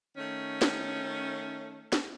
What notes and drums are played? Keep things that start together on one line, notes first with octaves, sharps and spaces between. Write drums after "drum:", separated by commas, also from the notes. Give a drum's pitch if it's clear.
D#3 A3 C#4
drum: snare
drum: snare